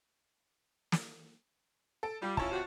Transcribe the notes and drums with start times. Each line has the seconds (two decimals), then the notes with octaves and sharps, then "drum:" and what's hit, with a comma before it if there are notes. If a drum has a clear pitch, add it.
0.92 drum: snare
2.03 A4 D7
2.22 G3 F4
2.37 C#4 E4 F4 C#5 A5, drum: kick
2.52 C3 F#4